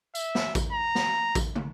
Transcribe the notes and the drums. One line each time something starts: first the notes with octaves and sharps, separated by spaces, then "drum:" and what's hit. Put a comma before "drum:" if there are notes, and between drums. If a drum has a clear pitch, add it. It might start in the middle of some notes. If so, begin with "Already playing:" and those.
E5, drum: tambourine
drum: snare
drum: kick A1, tambourine
A#5
drum: snare
drum: kick A1, tambourine
drum: tom